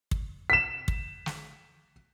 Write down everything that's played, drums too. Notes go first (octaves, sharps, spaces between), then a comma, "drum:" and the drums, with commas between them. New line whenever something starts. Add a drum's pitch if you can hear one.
drum: kick
B6 E7
drum: kick
drum: snare